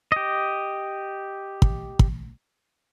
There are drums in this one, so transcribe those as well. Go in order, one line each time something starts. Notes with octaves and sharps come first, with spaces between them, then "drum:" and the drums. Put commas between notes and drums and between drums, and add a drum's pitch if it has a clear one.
G4 D#5
drum: kick
drum: kick